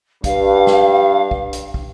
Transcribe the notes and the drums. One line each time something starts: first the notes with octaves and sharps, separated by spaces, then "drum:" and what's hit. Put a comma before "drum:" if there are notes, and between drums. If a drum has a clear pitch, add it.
G2 F5, drum: kick, hi-hat
drum: snare
drum: kick
drum: hi-hat
drum: kick